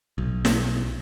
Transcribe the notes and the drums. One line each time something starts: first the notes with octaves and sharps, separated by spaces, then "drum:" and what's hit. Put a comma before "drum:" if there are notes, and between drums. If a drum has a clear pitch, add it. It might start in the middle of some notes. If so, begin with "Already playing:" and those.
B1
drum: snare